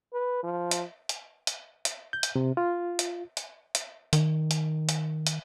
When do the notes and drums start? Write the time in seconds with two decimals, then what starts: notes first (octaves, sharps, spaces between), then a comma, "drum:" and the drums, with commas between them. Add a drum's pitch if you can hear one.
0.13 B4
0.43 F3
0.71 drum: hi-hat
1.09 drum: hi-hat
1.47 drum: hi-hat
1.85 drum: hi-hat
2.13 G6
2.23 drum: hi-hat
2.36 C3
2.57 F4
2.99 drum: hi-hat
3.37 drum: hi-hat
3.75 drum: hi-hat
4.13 D#3, drum: hi-hat
4.51 drum: hi-hat
4.89 drum: hi-hat
5.27 drum: hi-hat